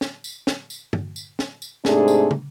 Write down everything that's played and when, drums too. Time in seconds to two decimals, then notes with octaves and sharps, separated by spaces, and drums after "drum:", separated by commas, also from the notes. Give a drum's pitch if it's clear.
0.01 drum: snare
0.24 drum: tambourine
0.47 drum: snare
0.70 drum: tambourine
0.93 drum: tom
1.16 drum: tambourine
1.39 drum: snare
1.62 drum: tambourine
1.85 G#2 C3 A3 D4 G#4, drum: snare
2.08 drum: tambourine
2.31 drum: tom